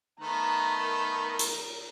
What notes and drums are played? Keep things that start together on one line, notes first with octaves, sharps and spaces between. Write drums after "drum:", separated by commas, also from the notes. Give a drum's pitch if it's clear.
D#3 A3 B3 A#5 F#6
A#4
drum: hi-hat